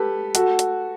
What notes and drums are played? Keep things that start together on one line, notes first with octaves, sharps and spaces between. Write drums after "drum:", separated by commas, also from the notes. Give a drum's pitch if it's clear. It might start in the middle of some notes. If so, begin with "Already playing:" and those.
Already playing: G4 A4 B4
F#4 A4, drum: hi-hat
drum: hi-hat